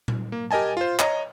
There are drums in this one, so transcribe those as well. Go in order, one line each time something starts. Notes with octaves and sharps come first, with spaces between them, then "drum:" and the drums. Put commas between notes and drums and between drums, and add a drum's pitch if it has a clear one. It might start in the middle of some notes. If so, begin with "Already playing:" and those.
drum: tom A#2
A#3
G4 A#4 D#5 G#5 A5
F4 C5
C#5 D#5 A#5, drum: clap